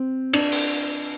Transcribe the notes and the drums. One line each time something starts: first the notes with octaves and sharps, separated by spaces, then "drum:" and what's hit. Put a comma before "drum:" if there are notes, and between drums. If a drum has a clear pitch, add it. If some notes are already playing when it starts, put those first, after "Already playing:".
Already playing: C4
D4, drum: cymbal
drum: open hi-hat